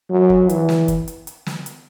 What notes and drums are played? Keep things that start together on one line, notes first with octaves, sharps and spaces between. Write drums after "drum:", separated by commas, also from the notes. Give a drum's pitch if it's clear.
F#3
drum: kick
E3, drum: hi-hat
drum: snare
drum: kick, hi-hat
drum: hi-hat
drum: hi-hat
drum: snare
drum: hi-hat